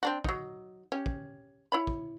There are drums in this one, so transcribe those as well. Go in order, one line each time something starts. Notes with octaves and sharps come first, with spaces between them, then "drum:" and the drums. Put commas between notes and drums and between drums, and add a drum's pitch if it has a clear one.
C4 D4 F#4
F#3 D#4, drum: kick
C#4 G4
drum: kick
E4 C#5 B5
drum: kick